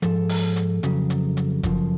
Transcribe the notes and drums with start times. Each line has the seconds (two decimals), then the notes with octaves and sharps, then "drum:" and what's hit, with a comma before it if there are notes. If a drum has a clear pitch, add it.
0.02 G#2 F3 A4, drum: hi-hat
0.29 drum: open hi-hat
0.56 drum: hi-hat
0.83 F2 C#3 F#3, drum: hi-hat
1.10 drum: hi-hat
1.37 drum: hi-hat
1.63 F#2 C#3 F3, drum: kick F#1, hi-hat